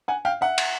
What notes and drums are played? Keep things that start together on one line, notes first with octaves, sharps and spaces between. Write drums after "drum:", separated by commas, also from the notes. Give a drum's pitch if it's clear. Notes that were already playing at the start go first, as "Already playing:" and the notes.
F#5 G#5
F5 G5
E5 F#5
drum: cymbal